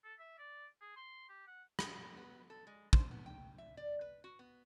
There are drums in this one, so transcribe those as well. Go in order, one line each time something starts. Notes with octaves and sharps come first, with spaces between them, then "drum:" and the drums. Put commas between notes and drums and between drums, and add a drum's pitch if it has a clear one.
A4
E5
D5
G#4
C6
G4
F#5
drum: rim click
A#3
B3
A4
G#3
C5, drum: kick
B3
G5
E5
D5
B4
F#4
B3